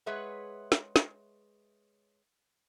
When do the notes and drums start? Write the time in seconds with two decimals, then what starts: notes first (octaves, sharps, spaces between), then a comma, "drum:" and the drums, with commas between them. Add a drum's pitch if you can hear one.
0.06 G#3 G#4 B4 C#5 E5 F#5
0.72 drum: snare
0.96 drum: snare